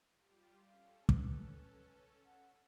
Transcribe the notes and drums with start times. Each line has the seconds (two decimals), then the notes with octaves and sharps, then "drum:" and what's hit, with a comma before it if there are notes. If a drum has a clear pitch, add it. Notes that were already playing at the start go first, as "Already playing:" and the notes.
0.15 G3 F4 G4
0.68 C#4 A4 F5
1.09 B4, drum: kick
2.26 F#5